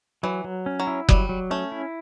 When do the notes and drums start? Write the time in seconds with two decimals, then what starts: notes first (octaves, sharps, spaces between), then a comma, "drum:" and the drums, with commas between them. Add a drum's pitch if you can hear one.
0.23 E3 F#3
0.44 F#3
0.66 C#4
0.80 F#3
0.87 E4
1.09 F#3 G3, drum: kick F#1
1.29 F#3
1.51 A3 C#4
1.72 E4